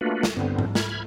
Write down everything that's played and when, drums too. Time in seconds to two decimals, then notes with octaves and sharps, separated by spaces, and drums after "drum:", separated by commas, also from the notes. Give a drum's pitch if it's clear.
0.01 A3 A#3 D4 F4 F#4 B4
0.23 drum: snare
0.36 G2 D3 B3 C4
0.59 drum: tom G#2
0.75 B5 F6 G#6, drum: snare